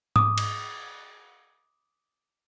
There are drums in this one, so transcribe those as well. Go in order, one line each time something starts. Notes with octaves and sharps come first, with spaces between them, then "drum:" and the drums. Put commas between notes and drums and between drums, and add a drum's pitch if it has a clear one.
D6 D#6, drum: tom G#2
drum: cymbal